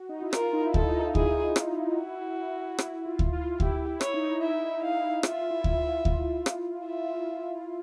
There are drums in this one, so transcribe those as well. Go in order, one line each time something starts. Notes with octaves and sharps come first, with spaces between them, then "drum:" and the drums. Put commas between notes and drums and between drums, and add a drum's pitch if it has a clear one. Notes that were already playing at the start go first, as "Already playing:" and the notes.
Already playing: F#4
D#4
E4
F4 A#4, drum: rim click
D#4
E4
A4, drum: kick D2
D#4
E4 G#4, drum: kick D2
drum: rim click
F#4
E4, drum: rim click
F4
drum: kick D2
F4
E4 G4, drum: kick D2
E4
C#5, drum: rim click
D#4
E4 E5
F5
F4 E5, drum: rim click
E4
drum: kick D2
E4
drum: kick D2
drum: rim click
E5